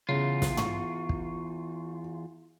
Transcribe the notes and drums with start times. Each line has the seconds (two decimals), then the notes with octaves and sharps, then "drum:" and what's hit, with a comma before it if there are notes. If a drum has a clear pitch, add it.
0.09 E2 C#3 F4
0.42 drum: snare
0.57 C#6, drum: tom
1.09 drum: kick